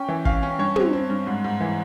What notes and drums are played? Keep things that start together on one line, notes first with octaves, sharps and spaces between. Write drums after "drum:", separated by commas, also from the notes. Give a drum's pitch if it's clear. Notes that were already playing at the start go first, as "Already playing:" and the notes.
Already playing: C#4 G5
E3
C#4 F5, drum: kick
C#4
G2 C#5
C4, drum: tom
C4
G2
G#2
G#2
E3